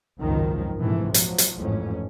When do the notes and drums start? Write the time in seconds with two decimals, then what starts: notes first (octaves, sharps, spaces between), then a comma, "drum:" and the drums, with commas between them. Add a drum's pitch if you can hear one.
0.21 G#1 C#2 F#2 D#3 F3
0.79 A#1 G#2 C3 E3 A3
1.14 F3 F#3, drum: hi-hat
1.38 drum: hi-hat
1.57 A1 F2 G#2 C#4